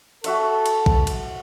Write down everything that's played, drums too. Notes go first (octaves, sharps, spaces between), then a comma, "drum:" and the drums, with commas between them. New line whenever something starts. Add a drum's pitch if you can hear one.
F#4 A4 E5 C#6, drum: cymbal
drum: cymbal
drum: kick A#1
drum: cymbal